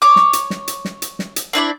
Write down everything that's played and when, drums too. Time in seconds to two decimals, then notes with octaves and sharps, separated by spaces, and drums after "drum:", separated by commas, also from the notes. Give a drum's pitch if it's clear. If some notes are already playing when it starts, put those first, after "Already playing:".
0.02 C#5 D6
0.16 drum: snare
0.33 drum: hi-hat
0.50 drum: snare
0.68 drum: hi-hat
0.85 drum: snare
1.02 drum: hi-hat
1.19 drum: snare
1.36 drum: hi-hat
1.53 C4 D4 E4 D5